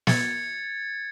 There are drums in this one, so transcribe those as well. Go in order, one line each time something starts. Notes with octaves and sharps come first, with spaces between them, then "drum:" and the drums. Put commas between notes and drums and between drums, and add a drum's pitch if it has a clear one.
G#6 A6 C#7, drum: snare